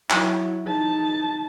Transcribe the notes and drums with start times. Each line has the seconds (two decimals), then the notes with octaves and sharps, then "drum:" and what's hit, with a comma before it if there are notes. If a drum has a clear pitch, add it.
0.10 F#3 E4, drum: clap
0.66 D#4 A5